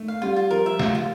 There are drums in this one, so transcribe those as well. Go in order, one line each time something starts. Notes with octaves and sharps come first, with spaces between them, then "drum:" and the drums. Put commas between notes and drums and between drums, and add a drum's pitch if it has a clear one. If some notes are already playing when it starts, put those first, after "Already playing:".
Already playing: A3
F5
G3 F4
F4
F3 A#4
E5
F4, drum: snare
F4